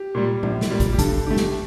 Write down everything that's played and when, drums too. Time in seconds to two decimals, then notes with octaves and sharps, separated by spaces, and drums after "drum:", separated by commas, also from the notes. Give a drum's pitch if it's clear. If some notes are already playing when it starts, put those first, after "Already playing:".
Already playing: G4
0.15 A#2 G3
0.43 A#1, drum: tom A#2
0.61 drum: snare
0.71 A#2 G3
0.80 drum: kick, hi-hat
0.93 G4
0.99 G2 A4, drum: kick, hi-hat
1.26 D3 A3 G4
1.36 drum: snare